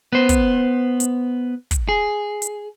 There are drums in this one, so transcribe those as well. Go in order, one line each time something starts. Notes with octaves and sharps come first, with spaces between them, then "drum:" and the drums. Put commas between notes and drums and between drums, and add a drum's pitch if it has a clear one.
B3 C5
drum: kick, hi-hat
drum: hi-hat
drum: kick, hi-hat
G#4
drum: hi-hat